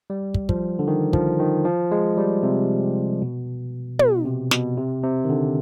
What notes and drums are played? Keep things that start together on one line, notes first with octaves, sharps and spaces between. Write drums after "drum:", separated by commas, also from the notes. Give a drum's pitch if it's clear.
G3
drum: kick
F3, drum: kick
D3
D#3
F3, drum: kick
D#3
F3
G#3
G3
C3
B2
B2, drum: tom
C3
B2, drum: snare
C3
C3
D#3
D3